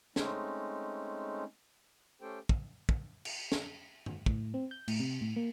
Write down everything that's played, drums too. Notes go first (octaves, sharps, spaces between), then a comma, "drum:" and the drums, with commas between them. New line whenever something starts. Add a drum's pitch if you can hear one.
G#3 A3 C4 C#4 D#4, drum: snare
A3 C#4 G4 A4 C5 G5
drum: kick
drum: kick
drum: cymbal
drum: snare
drum: tom G2
A2, drum: kick
C4
G6
A2, drum: cymbal
C3
A2
A#3